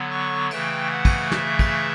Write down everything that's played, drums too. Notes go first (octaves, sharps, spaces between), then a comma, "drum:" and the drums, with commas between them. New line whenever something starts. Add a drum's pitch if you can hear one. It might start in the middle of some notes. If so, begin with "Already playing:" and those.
Already playing: D3 F#3 B3
C#6
C#3 E3 A3 G5, drum: cymbal
F#5
drum: kick, cymbal
E5, drum: snare
drum: kick, cymbal